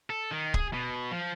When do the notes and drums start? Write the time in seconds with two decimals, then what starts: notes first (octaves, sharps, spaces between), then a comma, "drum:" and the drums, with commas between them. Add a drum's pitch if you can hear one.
0.10 A4
0.31 D#3
0.54 G#4, drum: kick C#1
0.73 B2
1.11 F3